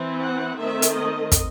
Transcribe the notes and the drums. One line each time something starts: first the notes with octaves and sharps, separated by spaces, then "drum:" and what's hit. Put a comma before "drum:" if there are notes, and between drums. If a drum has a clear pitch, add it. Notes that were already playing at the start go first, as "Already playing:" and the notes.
Already playing: E3 C4
F#5
D#3 A3 C4 E5
drum: hi-hat
D#5
drum: kick, hi-hat